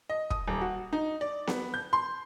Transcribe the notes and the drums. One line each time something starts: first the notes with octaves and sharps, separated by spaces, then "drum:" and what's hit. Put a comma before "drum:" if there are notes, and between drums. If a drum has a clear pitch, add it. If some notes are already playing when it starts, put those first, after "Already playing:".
D#5
D#6, drum: kick
D#1
F#4
D#4
D5
B3, drum: snare B3
G6
C6